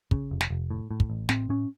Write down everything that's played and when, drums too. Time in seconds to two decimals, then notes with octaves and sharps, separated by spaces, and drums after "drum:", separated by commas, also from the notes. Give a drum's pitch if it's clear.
0.11 C#3, drum: kick
0.31 F1
0.41 drum: snare
0.50 F1
0.70 A2
0.91 A2
1.00 drum: kick
1.10 A1
1.29 A2 C4, drum: snare
1.49 A2 C#4